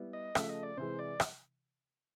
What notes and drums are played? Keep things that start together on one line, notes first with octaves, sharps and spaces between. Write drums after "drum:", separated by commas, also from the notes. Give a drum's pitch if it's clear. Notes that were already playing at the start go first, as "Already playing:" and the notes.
Already playing: G3 B3 E4
D#5
C#3 F3 A3 E5, drum: rim click
D#5
D5
C3 E3 G#3 C5
D5
drum: rim click